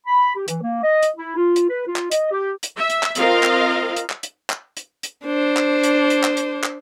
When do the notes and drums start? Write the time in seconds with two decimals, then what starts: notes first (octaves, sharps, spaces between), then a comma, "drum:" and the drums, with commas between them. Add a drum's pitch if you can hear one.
0.07 B5
0.36 G4
0.48 E3, drum: hi-hat
0.62 A#3
0.83 D#5
1.03 drum: hi-hat
1.17 E4
1.37 F4
1.56 drum: hi-hat
1.70 B4
1.87 F4
1.96 drum: clap
2.11 D#5, drum: hi-hat
2.32 G4
2.63 drum: hi-hat
2.75 E5
2.90 drum: hi-hat
3.03 drum: clap
3.15 C4 F4 A#4 D#5 F5, drum: hi-hat
3.43 drum: clap
3.96 drum: hi-hat
4.10 drum: clap
4.23 drum: hi-hat
4.50 drum: clap
4.77 drum: hi-hat
5.03 drum: hi-hat
5.25 D4 C5
5.57 drum: clap
5.83 drum: hi-hat
6.10 drum: hi-hat
6.24 drum: clap
6.37 drum: hi-hat
6.64 drum: clap